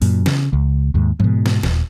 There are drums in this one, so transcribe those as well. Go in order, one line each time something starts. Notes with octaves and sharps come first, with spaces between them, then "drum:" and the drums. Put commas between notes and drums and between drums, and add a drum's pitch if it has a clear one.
F#2 A#2, drum: open hi-hat
C#3, drum: snare
C#2
D#2 G#2
G#2 B2, drum: tom E3
drum: snare
D#1, drum: snare